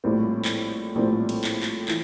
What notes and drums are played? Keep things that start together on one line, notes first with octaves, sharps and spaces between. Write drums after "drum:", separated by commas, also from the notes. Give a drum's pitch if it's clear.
A#1 A2 G3 C4
drum: clap
A#1 A2 G3 C4
drum: cymbal
drum: clap
drum: clap
E3, drum: clap